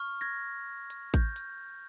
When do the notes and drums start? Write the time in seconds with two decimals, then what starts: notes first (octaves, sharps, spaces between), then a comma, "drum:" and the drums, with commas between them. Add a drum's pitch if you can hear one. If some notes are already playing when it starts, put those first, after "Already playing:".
Already playing: C#6 F6
0.21 G#6 A#6
0.90 drum: hi-hat
1.14 G6, drum: kick A1
1.36 drum: hi-hat